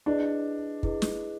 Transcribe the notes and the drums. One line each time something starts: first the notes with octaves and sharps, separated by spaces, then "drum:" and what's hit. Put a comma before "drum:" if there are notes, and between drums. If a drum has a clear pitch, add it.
D4 E4 G#4 B4 D#5
E4 G#4 B4 D#5, drum: kick
drum: snare